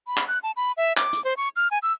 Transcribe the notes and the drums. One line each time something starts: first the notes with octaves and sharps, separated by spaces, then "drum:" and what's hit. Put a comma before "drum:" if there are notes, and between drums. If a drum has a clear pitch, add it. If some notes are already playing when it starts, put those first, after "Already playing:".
B5
drum: clap
F#6
A5
B5
E5
D6, drum: clap
drum: hi-hat
C5
C#6
F6
G#5
E6